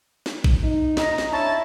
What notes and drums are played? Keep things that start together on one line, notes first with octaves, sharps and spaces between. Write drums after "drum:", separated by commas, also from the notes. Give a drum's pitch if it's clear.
drum: snare
drum: kick A1
D#4
D#5 A#5, drum: snare
drum: snare
D4 E4 C#5 A5